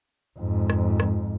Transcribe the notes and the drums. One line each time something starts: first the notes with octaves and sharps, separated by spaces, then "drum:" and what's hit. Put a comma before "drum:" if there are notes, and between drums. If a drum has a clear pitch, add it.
F2 G#2
drum: rim click
drum: rim click